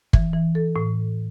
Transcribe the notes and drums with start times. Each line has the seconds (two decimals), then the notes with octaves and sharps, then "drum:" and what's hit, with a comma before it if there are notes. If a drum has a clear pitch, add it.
0.13 E3, drum: kick
0.34 E3
0.55 A4
0.76 A2